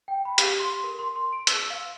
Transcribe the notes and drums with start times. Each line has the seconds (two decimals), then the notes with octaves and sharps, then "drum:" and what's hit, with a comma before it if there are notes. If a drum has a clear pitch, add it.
0.08 G5
0.25 B5
0.38 G4, drum: hi-hat
0.59 C6
0.84 A#4
0.99 C6
1.16 C6
1.33 D7
1.47 E6, drum: hi-hat
1.70 F5